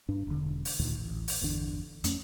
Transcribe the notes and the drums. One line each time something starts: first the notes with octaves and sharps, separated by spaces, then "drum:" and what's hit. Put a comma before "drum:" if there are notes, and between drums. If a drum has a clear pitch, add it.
G2 D4
E1 D3
drum: open hi-hat
D2 A#2 D3 D#3
A1
drum: open hi-hat
G1 E2 D3 D4
F2 A3 C#4, drum: hi-hat